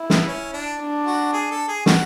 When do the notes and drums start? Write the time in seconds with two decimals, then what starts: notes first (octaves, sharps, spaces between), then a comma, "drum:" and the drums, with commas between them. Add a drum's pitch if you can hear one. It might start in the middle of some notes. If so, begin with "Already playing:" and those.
Already playing: E4
0.10 B3, drum: snare
0.28 C#4
0.54 D4
0.80 D4
1.07 F#4
1.34 G#4
1.51 A4
1.69 G#4
1.86 F#4, drum: snare